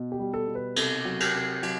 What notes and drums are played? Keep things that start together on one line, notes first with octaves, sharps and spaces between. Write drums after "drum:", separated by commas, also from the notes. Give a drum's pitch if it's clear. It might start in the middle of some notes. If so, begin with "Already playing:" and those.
Already playing: B2
G4
G3
A4
B2
B4
C3 A4, drum: cymbal
F#3
G4, drum: cymbal
C3
F#3, drum: cymbal